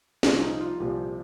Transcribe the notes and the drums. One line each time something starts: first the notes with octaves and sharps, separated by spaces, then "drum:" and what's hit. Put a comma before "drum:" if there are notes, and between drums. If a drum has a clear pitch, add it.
C2 A#2 F3 F4, drum: snare
D#4
F4
C2 A#2 F3 G4